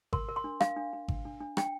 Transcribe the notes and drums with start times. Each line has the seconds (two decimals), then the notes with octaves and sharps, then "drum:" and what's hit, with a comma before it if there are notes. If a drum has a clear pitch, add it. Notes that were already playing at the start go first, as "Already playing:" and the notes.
0.13 A#4 C6, drum: kick G#1
0.29 A#4
0.36 C6
0.44 D4
0.61 D4 F5, drum: rim click
0.76 D4
0.93 D4
1.08 D4, drum: kick G#1
1.25 D4
1.40 D4
1.57 D4 G5, drum: rim click